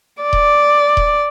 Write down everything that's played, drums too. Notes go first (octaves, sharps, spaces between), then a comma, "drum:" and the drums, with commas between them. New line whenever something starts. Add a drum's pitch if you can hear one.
D5
drum: kick D#1
drum: kick D#1